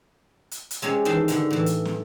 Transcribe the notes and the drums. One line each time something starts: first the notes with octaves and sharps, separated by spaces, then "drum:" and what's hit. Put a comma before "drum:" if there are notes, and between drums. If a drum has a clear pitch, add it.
drum: hi-hat
drum: hi-hat
C3 G#3 C#4 G4
D#3 E3 A5 C6
G#2 D3, drum: hi-hat
A2 E3
drum: hi-hat
drum: snare